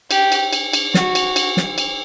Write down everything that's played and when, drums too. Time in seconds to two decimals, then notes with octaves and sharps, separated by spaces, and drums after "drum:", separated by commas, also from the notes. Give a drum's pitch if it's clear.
0.11 G4, drum: cymbal
0.32 drum: cymbal
0.53 drum: cymbal
0.73 drum: cymbal
0.94 F#4, drum: snare
1.15 drum: cymbal
1.36 drum: cymbal
1.57 drum: snare
1.78 drum: cymbal